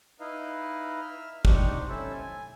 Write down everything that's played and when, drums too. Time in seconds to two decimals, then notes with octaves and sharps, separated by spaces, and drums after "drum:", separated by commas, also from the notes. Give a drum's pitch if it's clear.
0.20 D#4 E4 B4 D#5 F5
1.01 E5 F6
1.45 C4 D4 D#4 G4 C#6, drum: kick
1.89 C#4 E4 A4 C5 E5 A5
2.13 G#5